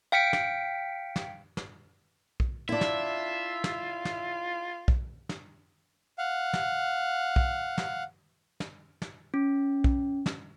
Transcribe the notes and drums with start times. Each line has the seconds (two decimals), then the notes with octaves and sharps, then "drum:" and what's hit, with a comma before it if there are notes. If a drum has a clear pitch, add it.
0.12 F5 G5 B6 C#7 D7
0.33 drum: snare
1.16 drum: snare
1.57 drum: snare
2.40 drum: kick B1
2.69 D4 E4 F4 E5
2.81 drum: snare
3.64 drum: snare
4.05 drum: snare
4.88 drum: kick B1
5.29 drum: snare
6.18 F5 F#5
6.53 drum: snare
7.36 drum: kick B1
7.78 drum: snare
8.60 drum: snare
9.02 drum: snare
9.34 C#4
9.84 drum: kick B1
10.26 drum: snare